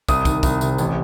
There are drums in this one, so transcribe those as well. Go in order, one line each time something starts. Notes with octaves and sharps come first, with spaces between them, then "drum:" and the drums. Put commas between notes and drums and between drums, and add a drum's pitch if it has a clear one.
C2 D#6, drum: kick, tambourine
D#3, drum: kick, tambourine
C2, drum: kick, tambourine
C3, drum: tambourine
A1, drum: tambourine